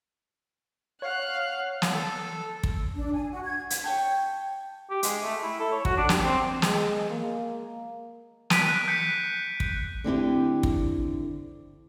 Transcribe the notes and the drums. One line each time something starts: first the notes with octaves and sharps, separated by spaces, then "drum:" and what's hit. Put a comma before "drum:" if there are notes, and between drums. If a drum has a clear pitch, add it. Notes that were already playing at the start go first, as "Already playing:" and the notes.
C#5 F5 F#5 F#6
drum: snare
A4
drum: kick
D4
G#5
F#4
G#6
drum: hi-hat
C#5 G5 A5
G4
G#3, drum: hi-hat
A3
E4
A4
C#5
F#4, drum: kick
D4
G4, drum: snare
C4
G#3, drum: snare
A#3
F#6 B6 D7 D#7, drum: snare
F#6
G6 B6 C#7
drum: kick
D3 C4 E4 G4
drum: kick